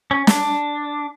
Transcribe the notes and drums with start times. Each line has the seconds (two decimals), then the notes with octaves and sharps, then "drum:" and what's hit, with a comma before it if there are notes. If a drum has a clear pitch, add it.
0.11 C#4
0.27 D4, drum: snare